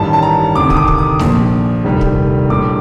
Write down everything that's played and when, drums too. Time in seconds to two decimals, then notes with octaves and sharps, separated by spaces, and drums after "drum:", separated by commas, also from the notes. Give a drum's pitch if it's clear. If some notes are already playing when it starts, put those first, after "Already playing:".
Already playing: A1 G2 D#3 G3 A5
0.13 A5
0.23 A#5
0.55 D2 C3 D#3 D6
0.70 D#6, drum: kick
0.77 D6
0.88 drum: kick
0.98 D#6
1.19 A#1 A#2 F3, drum: snare A3
1.84 F1 D#2 D#3 G3
2.01 drum: kick
2.50 A#1 A2 G3 D6